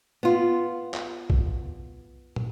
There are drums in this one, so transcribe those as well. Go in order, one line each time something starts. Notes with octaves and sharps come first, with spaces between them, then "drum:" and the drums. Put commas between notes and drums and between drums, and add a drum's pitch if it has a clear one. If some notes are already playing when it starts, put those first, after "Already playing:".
B3 F4
drum: clap
drum: kick A#1
drum: tom